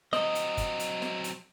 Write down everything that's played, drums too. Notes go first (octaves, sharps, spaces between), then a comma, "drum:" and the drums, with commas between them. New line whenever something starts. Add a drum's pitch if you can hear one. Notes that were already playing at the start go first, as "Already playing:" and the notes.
F#3 C4 D#5, drum: snare
drum: hi-hat
drum: kick G1, hi-hat
drum: hi-hat
drum: snare
drum: hi-hat